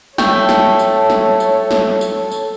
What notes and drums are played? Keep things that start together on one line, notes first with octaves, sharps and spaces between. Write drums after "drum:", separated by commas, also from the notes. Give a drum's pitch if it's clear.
A3 A4 C#5 G5, drum: snare
drum: snare
drum: tambourine
drum: snare
drum: tambourine
drum: snare
drum: tambourine
drum: tambourine